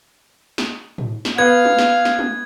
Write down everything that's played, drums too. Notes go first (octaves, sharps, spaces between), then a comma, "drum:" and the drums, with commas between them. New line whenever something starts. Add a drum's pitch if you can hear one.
drum: snare
drum: tom G#2
drum: snare
B3 F5 G#6
drum: tom
drum: snare
drum: snare
drum: tom